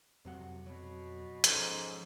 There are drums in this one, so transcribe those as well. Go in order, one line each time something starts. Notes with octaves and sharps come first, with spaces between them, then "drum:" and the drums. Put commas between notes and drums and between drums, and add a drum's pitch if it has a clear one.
F2 C3 F#3 F#5
B2 F#3
G#2 F3 C#4 A4, drum: hi-hat